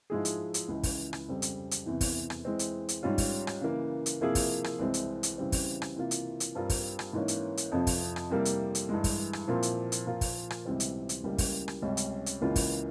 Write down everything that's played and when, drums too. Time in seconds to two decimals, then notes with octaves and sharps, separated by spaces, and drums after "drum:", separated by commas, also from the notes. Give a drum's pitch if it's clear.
0.10 G#2 F3 G#3 E4 G#4
0.25 drum: hi-hat
0.54 drum: hi-hat
0.68 C#2 C#3 E3
0.83 drum: kick, open hi-hat
1.13 drum: rim click
1.28 F2 C#3 G3 C4
1.42 drum: hi-hat
1.71 drum: hi-hat
1.86 E2 C3 E3
2.01 drum: kick, open hi-hat
2.30 drum: rim click
2.45 E3 G#3 C4
2.59 drum: hi-hat
2.89 drum: hi-hat
3.03 G#2 G3 C#4 F4
3.18 drum: kick, open hi-hat
3.47 drum: rim click
3.61 C#3 E3 A#3
4.06 drum: hi-hat
4.21 C3 F3 A#3 E4 G#4
4.35 drum: kick, open hi-hat
4.64 drum: rim click
4.79 C2 C3 E3 G#3 C4
4.94 drum: hi-hat
5.23 drum: hi-hat
5.38 C#3 E3 G3 C4
5.52 drum: kick, open hi-hat
5.82 drum: rim click
5.96 C3 E3 A#3 F4
6.11 drum: hi-hat
6.40 drum: hi-hat
6.55 G2 G3 C4 F4 A#4
6.70 drum: kick, open hi-hat
6.99 drum: rim click
7.13 G#2 E3 A#3 C#4
7.28 drum: hi-hat
7.57 drum: hi-hat
7.72 F2 C3 F3
7.87 drum: kick, open hi-hat
8.16 drum: rim click
8.30 C3 G3 A#3 E4 A#4
8.45 drum: hi-hat
8.75 drum: hi-hat
8.89 G2 E3 G#3
9.04 drum: kick, open hi-hat
9.33 drum: rim click
9.48 A#2 F3 C4 E4 A#4
9.63 drum: hi-hat
9.92 drum: hi-hat
10.06 A#2 F3 A#3 F4 A#4
10.21 drum: kick, open hi-hat
10.50 drum: rim click
10.65 C#2 C3 E3 G3 C4
10.80 drum: hi-hat
11.09 drum: hi-hat
11.24 C#2 C#3 G3 A#3 E4
11.38 drum: kick, open hi-hat
11.68 drum: rim click
11.82 C#2 C3 G3 C#4
11.97 drum: hi-hat
12.26 drum: hi-hat
12.42 C#2 C#3 E3 A#3 F4
12.56 drum: kick, open hi-hat